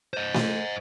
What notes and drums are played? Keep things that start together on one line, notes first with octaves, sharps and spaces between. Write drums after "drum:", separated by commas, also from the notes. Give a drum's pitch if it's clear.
C5 D#5
drum: snare A3